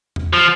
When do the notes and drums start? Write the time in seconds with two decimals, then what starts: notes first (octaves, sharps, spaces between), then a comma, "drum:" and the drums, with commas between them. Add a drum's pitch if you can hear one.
0.16 drum: tom E2
0.33 F3